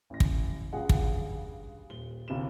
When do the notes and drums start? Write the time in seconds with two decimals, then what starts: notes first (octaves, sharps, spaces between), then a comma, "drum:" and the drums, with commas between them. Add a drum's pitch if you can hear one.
0.10 A1 A#6
0.20 drum: kick
0.73 G2 C#3 G3 F4 G#4 F#5
0.89 drum: kick
1.90 D#1 G7
2.28 G1 C2 F#4 G4 E7